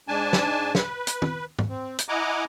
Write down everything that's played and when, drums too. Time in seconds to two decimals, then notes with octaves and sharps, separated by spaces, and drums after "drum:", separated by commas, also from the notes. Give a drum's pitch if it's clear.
0.08 G#2 D4 G#5 A5
0.33 drum: snare
0.75 B4, drum: snare
1.07 drum: hi-hat
1.22 drum: tom
1.59 drum: tom G#2
1.69 C4
1.99 drum: hi-hat
2.08 E4 D#5 F#5 G#5 A#5 D6